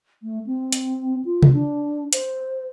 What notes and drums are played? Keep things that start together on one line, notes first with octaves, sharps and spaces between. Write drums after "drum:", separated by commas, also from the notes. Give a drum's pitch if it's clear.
A3
C4
drum: hi-hat
F4
drum: tom C3
D4
C5, drum: hi-hat